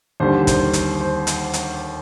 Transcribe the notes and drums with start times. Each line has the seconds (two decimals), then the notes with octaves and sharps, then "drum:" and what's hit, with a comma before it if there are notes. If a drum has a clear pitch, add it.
0.20 D#2 D3 G3 C5
0.47 C5, drum: kick, hi-hat
0.73 drum: hi-hat
1.01 C5
1.27 drum: hi-hat
1.53 drum: hi-hat